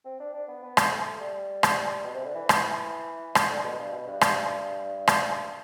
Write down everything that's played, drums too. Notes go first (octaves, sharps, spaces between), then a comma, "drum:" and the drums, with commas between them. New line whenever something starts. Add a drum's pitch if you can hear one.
C4
D4
D4
B3
B3
drum: rim click
A3
G3
drum: rim click
B2
C3
D3
E3
drum: rim click
drum: rim click
D3
B2
G2
B2
G2
drum: rim click
drum: rim click